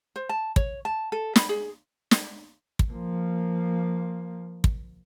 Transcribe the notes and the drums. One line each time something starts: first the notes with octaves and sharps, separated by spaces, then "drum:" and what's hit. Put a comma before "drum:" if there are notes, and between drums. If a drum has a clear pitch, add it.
C5
A5
C#5, drum: kick
A5
A4
B5, drum: snare
G#4
drum: snare
drum: kick
F3 A#3
drum: kick